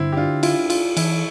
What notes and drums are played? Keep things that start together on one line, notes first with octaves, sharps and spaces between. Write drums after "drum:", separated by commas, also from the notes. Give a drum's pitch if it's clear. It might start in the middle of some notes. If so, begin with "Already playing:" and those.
Already playing: G2 D3 C4 E4
G4
D4 F4
E4 F4, drum: cymbal
F4, drum: cymbal
E3 E4, drum: cymbal